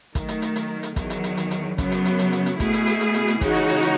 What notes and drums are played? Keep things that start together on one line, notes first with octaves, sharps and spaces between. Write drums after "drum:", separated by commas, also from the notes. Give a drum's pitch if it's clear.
D#3 F#3 A3, drum: kick, hi-hat
drum: hi-hat
drum: hi-hat
drum: hi-hat
drum: hi-hat
E2 D#3 F#3, drum: kick, hi-hat
drum: hi-hat
drum: hi-hat
drum: hi-hat
drum: hi-hat
F#2 C#3 F#3 B3, drum: kick, hi-hat
drum: hi-hat
drum: hi-hat
drum: hi-hat
drum: hi-hat
drum: hi-hat
B2 A3 E4 G#4, drum: kick, hi-hat
drum: hi-hat
drum: hi-hat
drum: hi-hat
drum: hi-hat
drum: hi-hat
C#3 E3 G#3 D#4 F#4, drum: kick, hi-hat
drum: hi-hat
drum: hi-hat
drum: hi-hat